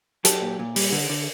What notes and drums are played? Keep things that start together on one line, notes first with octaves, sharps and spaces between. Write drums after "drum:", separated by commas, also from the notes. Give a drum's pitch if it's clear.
F#3 G4 A4, drum: hi-hat
A#2
A#2
G3, drum: open hi-hat
D3
D3